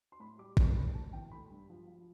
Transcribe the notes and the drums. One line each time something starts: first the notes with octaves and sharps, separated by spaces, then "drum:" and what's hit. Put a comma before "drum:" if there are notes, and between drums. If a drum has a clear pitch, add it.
C6
A2 B5
G3 D6
G3 C6, drum: kick
G3 B5
A2 A5
E3 G5
A3 B5
G2
F3
F3